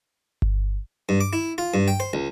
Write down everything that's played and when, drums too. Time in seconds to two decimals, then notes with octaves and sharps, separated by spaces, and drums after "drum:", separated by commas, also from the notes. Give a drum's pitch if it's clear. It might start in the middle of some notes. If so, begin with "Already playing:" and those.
0.42 drum: kick G1
1.09 G2
1.21 D6
1.33 E4
1.58 F4
1.74 G2
1.88 G5
2.00 C5
2.13 C#2